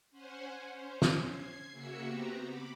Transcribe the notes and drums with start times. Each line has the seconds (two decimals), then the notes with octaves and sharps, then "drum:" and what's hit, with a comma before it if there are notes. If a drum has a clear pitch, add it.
0.11 C#4 C5 F#5 G#5
0.64 C#4 C5
1.02 drum: snare
1.22 G#6 C7
1.72 C#3 A#3 F#4 E5 E6 C#7
2.04 B3 C4 F#4 G4 A#5
2.42 B5 D6